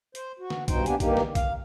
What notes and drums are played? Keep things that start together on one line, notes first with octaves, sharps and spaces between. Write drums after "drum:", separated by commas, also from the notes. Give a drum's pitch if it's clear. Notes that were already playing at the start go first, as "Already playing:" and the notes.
C5, drum: hi-hat
F#4
drum: snare
G2 B2 D#4 C5 G5, drum: kick B1, hi-hat
A#3 B3 D4 G4 G#5, drum: hi-hat
G2 D#3 A#3 D#4 G4, drum: kick B1, hi-hat
drum: snare
F5, drum: kick B1, hi-hat